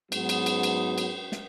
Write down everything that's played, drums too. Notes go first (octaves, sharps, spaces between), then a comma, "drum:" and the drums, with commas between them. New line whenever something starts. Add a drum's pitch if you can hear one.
G#2 F#3 B3, drum: cymbal
drum: cymbal
drum: cymbal
drum: cymbal
drum: cymbal
drum: snare